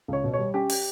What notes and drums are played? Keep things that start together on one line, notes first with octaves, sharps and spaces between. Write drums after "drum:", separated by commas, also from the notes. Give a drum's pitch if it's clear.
C#2 C#5
B2
G3 C#5
C#4 G4
drum: open hi-hat